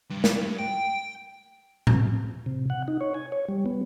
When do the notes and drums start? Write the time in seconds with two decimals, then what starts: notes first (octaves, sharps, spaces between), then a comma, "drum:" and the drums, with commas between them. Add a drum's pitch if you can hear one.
0.11 G2
0.24 drum: snare
0.59 G5
1.87 drum: tom A2
2.46 C3
2.70 F#5
2.88 D#4
3.01 C#5
3.14 G#5
3.32 C#5
3.49 G3
3.66 B3